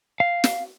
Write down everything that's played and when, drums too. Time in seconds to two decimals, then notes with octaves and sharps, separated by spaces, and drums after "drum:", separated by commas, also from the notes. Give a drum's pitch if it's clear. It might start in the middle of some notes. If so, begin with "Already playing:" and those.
0.20 F5
0.44 drum: snare